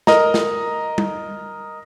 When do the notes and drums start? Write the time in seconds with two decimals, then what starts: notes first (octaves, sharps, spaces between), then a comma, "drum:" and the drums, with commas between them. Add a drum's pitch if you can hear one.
0.07 A#4 D#5 A#5, drum: snare
0.34 drum: snare
0.98 drum: tom G3